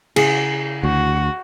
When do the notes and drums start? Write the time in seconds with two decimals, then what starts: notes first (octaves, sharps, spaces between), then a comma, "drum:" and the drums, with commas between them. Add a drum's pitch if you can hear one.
0.16 C#3 E4 G#4 F#5, drum: cymbal
0.83 D2 F#4